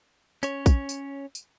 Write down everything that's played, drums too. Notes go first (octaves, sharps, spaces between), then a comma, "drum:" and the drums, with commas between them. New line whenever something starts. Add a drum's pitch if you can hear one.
C#4 C#5, drum: tambourine
drum: kick A#1, tambourine
drum: tambourine
drum: tambourine